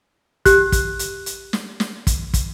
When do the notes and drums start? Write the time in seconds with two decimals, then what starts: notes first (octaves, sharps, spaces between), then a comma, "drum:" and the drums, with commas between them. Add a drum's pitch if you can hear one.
0.45 G4 F#6, drum: kick, hi-hat
0.72 drum: kick, hi-hat
0.99 drum: hi-hat
1.26 drum: hi-hat
1.53 drum: snare
1.80 drum: snare
2.07 drum: kick, hi-hat
2.34 drum: kick, hi-hat